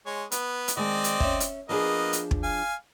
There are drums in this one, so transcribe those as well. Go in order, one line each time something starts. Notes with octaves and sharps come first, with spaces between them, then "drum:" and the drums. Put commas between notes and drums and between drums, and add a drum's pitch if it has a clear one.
G#3 C#5
B3, drum: hi-hat
drum: hi-hat
D#3 G#3 C4 D5 D#5
drum: hi-hat
C#4 E5, drum: kick
drum: hi-hat
F3 A#3 B3 D4 G#4 D#5
drum: hi-hat
drum: kick
F5 G#5